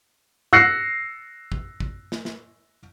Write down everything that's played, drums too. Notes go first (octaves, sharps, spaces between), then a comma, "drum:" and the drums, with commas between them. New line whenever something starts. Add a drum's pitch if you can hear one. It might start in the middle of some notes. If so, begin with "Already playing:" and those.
E6 F#6 A#6 C7 C#7, drum: tom G2
drum: kick
drum: kick
drum: snare
drum: snare